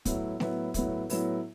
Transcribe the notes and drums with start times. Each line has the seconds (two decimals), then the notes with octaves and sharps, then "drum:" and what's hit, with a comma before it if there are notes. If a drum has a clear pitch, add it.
0.05 A2 F#3 B3 E4, drum: kick, hi-hat
0.40 A2 F#3 B3 E4, drum: snare
0.74 A2 F#3 B3 E4, drum: kick, hi-hat
1.10 A2 F#3 B3 E4, drum: open hi-hat